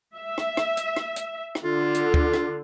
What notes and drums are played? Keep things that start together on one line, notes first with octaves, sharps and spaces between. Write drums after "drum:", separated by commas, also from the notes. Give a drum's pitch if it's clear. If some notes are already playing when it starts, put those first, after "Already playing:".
E5
drum: rim click
drum: rim click
drum: hi-hat
drum: rim click
drum: hi-hat
drum: rim click
D3 F4
drum: hi-hat
drum: kick
drum: rim click